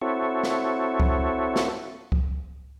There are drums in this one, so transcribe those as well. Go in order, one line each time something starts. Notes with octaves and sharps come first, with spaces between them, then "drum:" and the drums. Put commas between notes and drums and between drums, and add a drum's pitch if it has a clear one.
C4 E4 F#4 A4 C#5
drum: snare
drum: kick C#2
drum: snare
drum: kick C#2